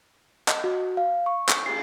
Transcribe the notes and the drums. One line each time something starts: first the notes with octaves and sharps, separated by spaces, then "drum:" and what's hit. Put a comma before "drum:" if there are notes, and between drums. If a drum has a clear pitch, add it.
D#5, drum: clap
F#4
F5
C#6
drum: clap
C7, drum: cymbal